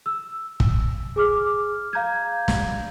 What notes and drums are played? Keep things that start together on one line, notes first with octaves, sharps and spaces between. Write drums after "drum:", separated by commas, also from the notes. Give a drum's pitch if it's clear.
E6
drum: kick
G#4 D6 F6
F5 A#5 G6 G#6
drum: snare